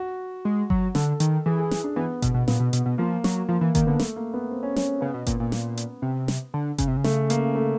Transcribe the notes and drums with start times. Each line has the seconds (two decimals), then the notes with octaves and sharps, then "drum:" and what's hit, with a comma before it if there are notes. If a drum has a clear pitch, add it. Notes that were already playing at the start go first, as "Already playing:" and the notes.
Already playing: F#4
0.45 G#3
0.70 F#3, drum: kick G1
0.95 D3 A4, drum: snare
1.20 D#3, drum: hi-hat
1.46 E3 G#4
1.59 G#4
1.71 drum: snare
1.84 D4
1.96 E3 B3
2.22 B2, drum: kick G1, hi-hat
2.34 B2
2.48 A#2 B3, drum: snare
2.60 B2
2.73 B2, drum: hi-hat
2.86 B2
2.98 F3 A#3
3.24 F#3, drum: snare
3.48 F3 A#3
3.61 E3 A#3
3.75 D#3 A#3, drum: kick G1, hi-hat
3.87 D3 B3
3.99 A3, drum: snare
4.16 A#3
4.34 B3
4.51 C4
4.63 C#4
4.76 C#4, drum: snare
5.01 C#3 B3
5.14 B2
5.26 A#2, drum: kick G1, hi-hat
5.40 A#2
5.52 drum: snare
5.77 drum: hi-hat
6.02 C3
6.28 drum: snare
6.54 D3
6.78 C#3, drum: kick G1, hi-hat
6.88 C3
6.97 C#3
7.04 A3, drum: snare
7.30 A#3, drum: hi-hat
7.55 A3